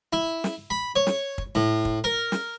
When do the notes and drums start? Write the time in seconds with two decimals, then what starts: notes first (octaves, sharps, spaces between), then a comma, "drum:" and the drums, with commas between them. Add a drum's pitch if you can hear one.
0.13 E4
0.44 drum: snare
0.70 B5
0.96 C#5
1.07 drum: snare
1.38 drum: kick
1.55 A2
1.85 drum: kick
2.04 A#4
2.32 drum: snare